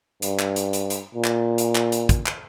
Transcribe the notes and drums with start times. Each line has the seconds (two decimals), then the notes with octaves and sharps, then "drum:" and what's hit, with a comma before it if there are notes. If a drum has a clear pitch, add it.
0.22 G2, drum: hi-hat
0.39 drum: clap
0.56 drum: hi-hat
0.73 drum: hi-hat
0.90 drum: hi-hat
1.14 A#2
1.24 drum: clap
1.58 drum: hi-hat
1.75 drum: clap
1.92 drum: hi-hat
2.09 drum: kick, hi-hat
2.26 drum: clap